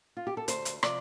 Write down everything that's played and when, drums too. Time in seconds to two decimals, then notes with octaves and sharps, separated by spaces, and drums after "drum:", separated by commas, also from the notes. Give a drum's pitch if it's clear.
0.17 F4
0.27 G4
0.37 A4
0.48 D2 C5, drum: hi-hat
0.65 drum: hi-hat
0.83 C3 F3 D5, drum: rim click